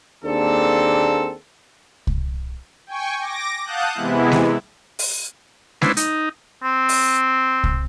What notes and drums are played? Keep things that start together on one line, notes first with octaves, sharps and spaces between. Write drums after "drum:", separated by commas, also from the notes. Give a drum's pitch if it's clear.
D#2 A#3 C4 D4 G#4 A4
drum: kick C2
G5 G#5 C#6
D6 A#6
F5 F#5 A5 D#6 F#6 G6
C3 E3 G#3 B3 E4
drum: snare G#3
drum: open hi-hat
C#4 D4 E4 B4 C5, drum: snare G#3
D#4, drum: hi-hat
C4
drum: open hi-hat
drum: kick C2